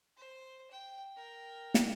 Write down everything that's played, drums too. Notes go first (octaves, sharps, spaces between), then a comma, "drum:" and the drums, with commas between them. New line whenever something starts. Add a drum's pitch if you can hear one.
C5
G5
A#4 G5
drum: snare